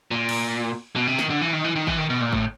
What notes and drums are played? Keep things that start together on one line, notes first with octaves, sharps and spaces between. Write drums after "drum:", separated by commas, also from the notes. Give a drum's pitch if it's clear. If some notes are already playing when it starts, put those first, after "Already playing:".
A#2
drum: cymbal
B2
C3
D#3, drum: snare
D3
E3
D#3
E3
D#3
E3, drum: kick G#1
D#3
B2
A#2
A2, drum: kick G#1